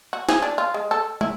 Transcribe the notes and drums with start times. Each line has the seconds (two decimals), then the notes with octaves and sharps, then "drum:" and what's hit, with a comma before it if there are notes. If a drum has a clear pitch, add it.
0.13 F#4
0.29 G#4, drum: snare
0.42 D4
0.58 F4
0.74 G#3
0.91 A4
1.21 E4, drum: tom